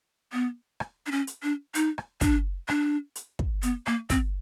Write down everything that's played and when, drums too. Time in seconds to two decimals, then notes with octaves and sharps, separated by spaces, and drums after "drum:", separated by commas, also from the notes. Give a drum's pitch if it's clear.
0.33 B3
0.80 drum: rim click
1.06 D4
1.12 C#4
1.27 drum: hi-hat
1.43 D4
1.75 D#4, drum: hi-hat
1.98 drum: rim click
2.21 D4, drum: kick, hi-hat
2.69 D4, drum: rim click
3.16 drum: hi-hat
3.39 drum: kick
3.63 B3, drum: hi-hat
3.86 A#3, drum: rim click
4.10 C4, drum: kick, hi-hat